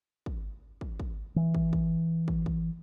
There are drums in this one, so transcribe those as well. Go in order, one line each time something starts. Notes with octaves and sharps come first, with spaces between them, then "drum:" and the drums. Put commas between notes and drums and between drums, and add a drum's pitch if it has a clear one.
drum: kick
drum: kick
drum: kick
E3
drum: kick
drum: kick
drum: kick
drum: kick